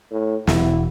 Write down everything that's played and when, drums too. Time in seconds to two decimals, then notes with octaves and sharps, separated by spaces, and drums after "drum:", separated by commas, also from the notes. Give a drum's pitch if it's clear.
0.12 A2
0.47 E1 E2 E4, drum: snare